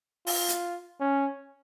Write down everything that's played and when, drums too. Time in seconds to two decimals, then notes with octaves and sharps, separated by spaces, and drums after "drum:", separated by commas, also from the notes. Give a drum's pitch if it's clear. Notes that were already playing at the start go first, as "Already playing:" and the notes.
0.27 F4, drum: open hi-hat
0.48 drum: hi-hat
1.00 C#4